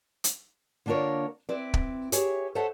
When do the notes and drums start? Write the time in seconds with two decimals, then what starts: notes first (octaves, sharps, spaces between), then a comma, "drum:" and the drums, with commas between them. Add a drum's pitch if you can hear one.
0.24 drum: hi-hat
0.86 D3 A#3 D4 F4 A#4 C#5
1.49 C4 E4 B4 D5
1.74 drum: kick
2.12 G4 G#4 C#5 E5, drum: hi-hat
2.55 A4 C5 C#5 E5 F#5 A5